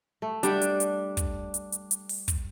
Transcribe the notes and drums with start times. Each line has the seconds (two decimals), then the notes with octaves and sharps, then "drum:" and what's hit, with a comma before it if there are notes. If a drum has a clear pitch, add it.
0.22 A3
0.43 G3 D4 G4 F#5, drum: hi-hat
0.62 drum: hi-hat
0.80 drum: hi-hat
1.17 drum: kick, hi-hat
1.54 drum: hi-hat
1.72 drum: hi-hat
1.91 drum: hi-hat
2.09 drum: open hi-hat
2.28 drum: kick, hi-hat